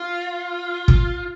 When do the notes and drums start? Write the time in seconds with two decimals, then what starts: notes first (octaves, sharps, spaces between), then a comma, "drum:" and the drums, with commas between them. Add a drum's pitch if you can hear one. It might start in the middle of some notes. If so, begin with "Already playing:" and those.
Already playing: F4
0.88 drum: kick